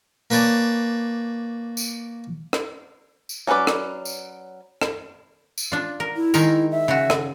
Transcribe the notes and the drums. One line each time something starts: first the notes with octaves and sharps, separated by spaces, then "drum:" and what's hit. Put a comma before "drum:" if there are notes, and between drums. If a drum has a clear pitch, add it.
A#3 B4 C#5 D5 G#5 A5
drum: tambourine
drum: rim click
drum: tambourine
F#3 C#4 F#4 B4 D5
drum: rim click
drum: tambourine
drum: rim click
drum: tambourine
D4 F4
A#4
E4
D#3 G#3 A#4, drum: tambourine
E5
C#3 F#4
drum: rim click